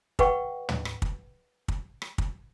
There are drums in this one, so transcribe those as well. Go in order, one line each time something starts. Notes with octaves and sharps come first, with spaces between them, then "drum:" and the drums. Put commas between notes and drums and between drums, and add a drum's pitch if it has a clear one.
G#4 B4 D#5 F#5 G5 C#6, drum: kick
drum: tom
drum: rim click
drum: kick
drum: kick
drum: rim click
drum: kick